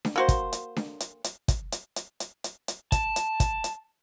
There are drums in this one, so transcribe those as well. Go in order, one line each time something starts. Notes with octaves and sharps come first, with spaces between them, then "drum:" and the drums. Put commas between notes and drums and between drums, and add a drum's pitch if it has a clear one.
drum: snare D4
A#3 F#4 C5
drum: kick, hi-hat
drum: hi-hat
drum: snare D4
drum: hi-hat
drum: hi-hat
drum: kick, hi-hat
drum: hi-hat
drum: hi-hat
drum: hi-hat
drum: hi-hat
drum: hi-hat
A5, drum: kick, hi-hat
drum: hi-hat
drum: kick, hi-hat
drum: hi-hat